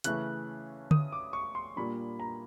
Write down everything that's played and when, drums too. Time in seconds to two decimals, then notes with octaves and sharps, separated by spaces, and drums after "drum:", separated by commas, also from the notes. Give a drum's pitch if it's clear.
0.04 C#3 E3 A3 C#4 F#6, drum: hi-hat
0.91 D#6, drum: tom D3
1.12 D6
1.33 C#6
1.55 C6
1.76 A#2 G3 A#3 D4 B5
2.20 A#5